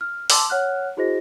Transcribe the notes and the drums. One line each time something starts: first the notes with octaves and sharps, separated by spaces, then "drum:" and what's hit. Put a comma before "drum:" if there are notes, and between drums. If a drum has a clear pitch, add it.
F6
A5 C6 D6 E6, drum: open hi-hat
C#5 F#5 F6 F#6
E4 F#4 G#4 C5 D#5 A#6